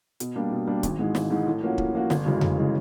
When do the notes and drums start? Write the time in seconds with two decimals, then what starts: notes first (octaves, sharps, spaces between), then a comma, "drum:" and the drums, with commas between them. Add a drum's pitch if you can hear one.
0.20 B2, drum: hi-hat
0.36 G3 A#3 D4
0.51 B2
0.67 G3 A#3 D4
0.83 G#1, drum: kick, hi-hat
0.99 G#2 E3 G#3
1.15 G#1, drum: snare
1.30 G#2 E3 G#3
1.47 A2
1.62 F3 A#3 C#4 F#4
1.78 A2, drum: kick
1.94 F3 A#3 C#4 F#4
2.10 G1, drum: snare
2.25 F#2 C#3 E3 G#3
2.41 G1, drum: tom F2
2.57 C#3 E3 G#3